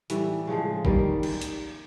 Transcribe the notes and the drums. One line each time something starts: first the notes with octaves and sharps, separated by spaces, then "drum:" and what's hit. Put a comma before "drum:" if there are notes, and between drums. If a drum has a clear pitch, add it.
A2 E3 G3, drum: hi-hat
C#3 F3 G#3
D#3 G3 A#3, drum: kick
drum: cymbal
drum: hi-hat